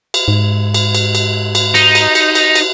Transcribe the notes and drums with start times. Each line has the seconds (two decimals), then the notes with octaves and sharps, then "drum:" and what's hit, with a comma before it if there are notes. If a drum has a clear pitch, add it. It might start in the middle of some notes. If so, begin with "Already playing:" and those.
0.14 drum: cymbal
0.28 G#2
0.74 drum: cymbal
0.95 drum: cymbal
1.15 drum: cymbal
1.55 drum: cymbal
1.75 D#4, drum: cymbal
1.95 drum: cymbal
2.15 drum: cymbal
2.35 drum: cymbal
2.55 drum: cymbal